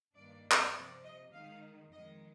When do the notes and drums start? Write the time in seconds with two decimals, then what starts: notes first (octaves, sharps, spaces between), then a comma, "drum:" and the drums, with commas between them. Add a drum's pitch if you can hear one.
0.15 G2 D#3 A#3 D4 D5
0.51 drum: clap
0.74 C3 F3 C4 D5
1.03 D#5
1.32 D#3 G#3 D#4 F5
1.92 F2 D#3 G#3 D#5